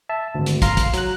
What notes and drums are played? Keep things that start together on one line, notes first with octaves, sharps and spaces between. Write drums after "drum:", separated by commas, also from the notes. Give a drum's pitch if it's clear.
E5 A5
G#1 D2
drum: hi-hat
F5 A#5 C6, drum: kick, hi-hat
drum: kick, hi-hat
F#3 F#6, drum: hi-hat